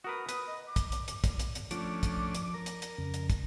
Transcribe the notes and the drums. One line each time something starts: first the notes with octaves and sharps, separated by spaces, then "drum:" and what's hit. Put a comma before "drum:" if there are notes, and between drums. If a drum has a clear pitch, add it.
F#4 A#4 B4 D#6
B4, drum: hi-hat
D#5
D6
drum: kick, hi-hat
drum: hi-hat
drum: hi-hat
drum: kick, hi-hat
drum: hi-hat
drum: hi-hat
F3 A3 C#4 D4 D6, drum: hi-hat
drum: kick, hi-hat
drum: hi-hat
A#4
drum: hi-hat
drum: hi-hat
F2 C#3
drum: hi-hat
drum: kick, hi-hat